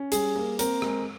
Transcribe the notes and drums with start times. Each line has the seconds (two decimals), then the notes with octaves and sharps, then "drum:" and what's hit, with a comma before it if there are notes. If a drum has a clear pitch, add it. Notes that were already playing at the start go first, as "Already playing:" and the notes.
Already playing: C#4
0.12 G3 G#4, drum: hi-hat
0.36 A#3
0.59 C4 A#4, drum: hi-hat
0.82 G#3, drum: rim click